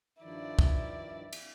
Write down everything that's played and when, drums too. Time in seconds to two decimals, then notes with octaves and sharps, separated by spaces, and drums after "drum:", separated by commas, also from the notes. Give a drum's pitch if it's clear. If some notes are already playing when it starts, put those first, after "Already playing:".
0.22 G2 D#3 F3 E4 D5
0.59 drum: kick
1.33 drum: cymbal